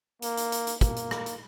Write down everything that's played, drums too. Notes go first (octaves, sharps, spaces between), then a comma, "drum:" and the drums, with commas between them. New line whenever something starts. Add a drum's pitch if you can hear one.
A#3, drum: hi-hat
drum: hi-hat
drum: hi-hat
drum: hi-hat
A#3, drum: kick, hi-hat
drum: hi-hat
drum: rim click
drum: hi-hat